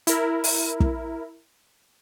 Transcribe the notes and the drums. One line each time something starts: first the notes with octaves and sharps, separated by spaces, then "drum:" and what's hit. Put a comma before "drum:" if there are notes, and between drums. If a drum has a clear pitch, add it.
E4 A#4, drum: hi-hat
drum: open hi-hat
drum: kick